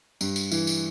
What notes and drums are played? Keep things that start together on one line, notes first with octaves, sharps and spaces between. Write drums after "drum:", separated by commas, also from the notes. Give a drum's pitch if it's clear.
G2, drum: tambourine
drum: tambourine
E3, drum: tambourine
drum: tambourine